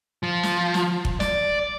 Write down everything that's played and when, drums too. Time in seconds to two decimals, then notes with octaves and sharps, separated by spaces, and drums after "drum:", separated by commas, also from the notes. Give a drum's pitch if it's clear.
0.23 F3
0.43 drum: snare
0.74 drum: snare
1.05 drum: kick
1.20 D5, drum: snare